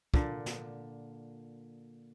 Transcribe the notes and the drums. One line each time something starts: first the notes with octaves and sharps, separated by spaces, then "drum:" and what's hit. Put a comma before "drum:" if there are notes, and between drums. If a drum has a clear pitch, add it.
A#2 D3, drum: kick
drum: snare